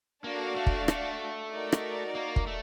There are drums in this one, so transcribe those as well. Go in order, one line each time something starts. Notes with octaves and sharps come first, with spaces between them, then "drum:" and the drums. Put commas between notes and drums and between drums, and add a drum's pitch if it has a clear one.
A#3 D4 F#4 A4 D5 F5
A3
drum: kick
A3, drum: rim click
D#4 F#4 A#4 D5
drum: rim click
A#3
drum: kick
A3